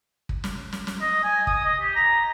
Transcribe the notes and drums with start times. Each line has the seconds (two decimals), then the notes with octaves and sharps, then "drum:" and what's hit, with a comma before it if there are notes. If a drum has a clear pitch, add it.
0.29 drum: kick
0.44 drum: snare
0.72 drum: snare
0.87 drum: snare
1.01 D#5
1.23 G#5
1.47 D#6, drum: kick
1.64 D#5
1.81 G4
1.95 A#5